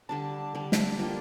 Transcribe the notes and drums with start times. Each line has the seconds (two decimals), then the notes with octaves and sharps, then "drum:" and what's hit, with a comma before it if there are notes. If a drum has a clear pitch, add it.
0.09 D3 G3 D4 A5
0.54 D3 G3 D4 A5
0.72 drum: snare
0.99 G3 A#3 D4 F4 G5